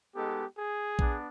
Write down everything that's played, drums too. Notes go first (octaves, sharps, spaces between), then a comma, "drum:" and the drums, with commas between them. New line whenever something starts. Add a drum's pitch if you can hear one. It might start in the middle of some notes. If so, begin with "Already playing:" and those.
G#3 B3 D#4 G4 A4
G#4
B3 D4, drum: kick A#1